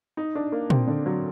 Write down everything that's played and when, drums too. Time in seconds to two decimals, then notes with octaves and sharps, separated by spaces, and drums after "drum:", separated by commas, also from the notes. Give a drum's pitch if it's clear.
0.17 D#4
0.35 D4
0.52 A#3
0.70 C4, drum: tom A#2
0.87 D3
1.06 F#3